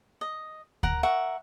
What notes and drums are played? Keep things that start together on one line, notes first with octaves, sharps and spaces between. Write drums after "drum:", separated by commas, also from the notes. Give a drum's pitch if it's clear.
D#5
A#4 F#5 A#5, drum: kick D2
A#4 E5 F#5 C#6